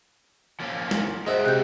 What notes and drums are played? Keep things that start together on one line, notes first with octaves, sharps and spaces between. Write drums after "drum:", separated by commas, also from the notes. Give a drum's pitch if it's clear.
F3 A#3 C#4
drum: snare
G#3 D#4 F#4 G#4 C5 E5
C3 F#6 G6